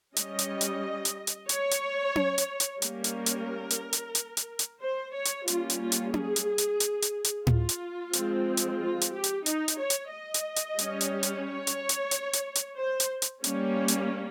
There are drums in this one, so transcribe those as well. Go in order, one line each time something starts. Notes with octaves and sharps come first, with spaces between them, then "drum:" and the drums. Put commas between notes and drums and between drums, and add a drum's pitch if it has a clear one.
G3 C#4 D#5, drum: hi-hat
drum: hi-hat
drum: hi-hat
drum: hi-hat
drum: hi-hat
C#5, drum: hi-hat
drum: hi-hat
drum: tom C#4
drum: hi-hat
drum: hi-hat
G3 A#3 C#4 A#4, drum: hi-hat
drum: hi-hat
drum: hi-hat
drum: hi-hat
drum: hi-hat
drum: hi-hat
drum: hi-hat
drum: hi-hat
C5
C#5
drum: hi-hat
G3 A#3 C#4 F4, drum: hi-hat
drum: hi-hat
F4
drum: hi-hat
G#4, drum: tom C#4
drum: hi-hat
drum: hi-hat
drum: hi-hat
drum: hi-hat
drum: hi-hat
F4, drum: tom A2
drum: hi-hat
F3 G#3 C4, drum: hi-hat
drum: hi-hat
F4
drum: hi-hat
G4
drum: hi-hat
D#4, drum: hi-hat
drum: hi-hat
C#5
drum: hi-hat
D#5
drum: hi-hat
drum: hi-hat
G3 C#4, drum: hi-hat
drum: hi-hat
drum: hi-hat
C#5
drum: hi-hat
drum: hi-hat
drum: hi-hat
drum: hi-hat
drum: hi-hat
C5
drum: hi-hat
drum: hi-hat
G3 A#3 C#4, drum: hi-hat
drum: hi-hat